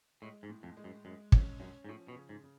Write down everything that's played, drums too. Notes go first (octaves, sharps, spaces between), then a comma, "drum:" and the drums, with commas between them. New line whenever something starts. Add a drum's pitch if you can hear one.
A2 G#3
G#2
A2
F2
G#3
F#2
F#2 G#3
F2 C#4, drum: kick
F#2 C#4
G#2
A2 F3
B2
C#3
G#2
C#3